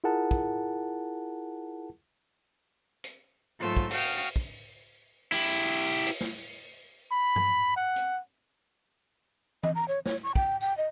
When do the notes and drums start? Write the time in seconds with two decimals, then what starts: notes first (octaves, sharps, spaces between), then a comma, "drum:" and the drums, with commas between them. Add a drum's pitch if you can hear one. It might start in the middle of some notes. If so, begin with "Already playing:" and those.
0.04 E4 F4 G#4 A#4 F#5 A5
0.31 drum: kick
3.04 drum: hi-hat
3.57 G#2 F#3 A3 F4 C5 E6
3.77 drum: kick
3.91 F#4 F5 G5 A5 D#6 F6, drum: open hi-hat
4.36 drum: kick
5.32 E4 G4
6.06 drum: open hi-hat
6.21 drum: snare
7.12 B5
7.36 drum: tom G2
7.76 F#5
7.96 drum: hi-hat
9.63 D#5, drum: tom
9.75 A#5
9.88 C#5
10.06 C#5, drum: snare
10.23 C#6
10.36 G5, drum: kick
10.61 G5, drum: tambourine
10.78 D#5